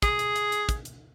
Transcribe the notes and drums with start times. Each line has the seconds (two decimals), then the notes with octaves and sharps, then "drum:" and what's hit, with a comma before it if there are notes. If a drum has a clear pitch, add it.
0.02 G#4, drum: kick, hi-hat
0.19 drum: hi-hat
0.36 drum: hi-hat
0.52 drum: hi-hat
0.69 drum: kick, hi-hat
0.85 drum: hi-hat